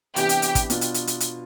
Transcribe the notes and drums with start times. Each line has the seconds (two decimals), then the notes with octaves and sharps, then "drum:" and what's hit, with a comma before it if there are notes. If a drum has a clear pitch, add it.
0.16 C3 E3 B3 D4 G4, drum: hi-hat
0.29 drum: hi-hat
0.42 drum: hi-hat
0.55 drum: kick, hi-hat
0.70 B2 B3 D4 F4, drum: hi-hat
0.81 drum: hi-hat
0.94 drum: hi-hat
1.07 drum: hi-hat
1.20 drum: hi-hat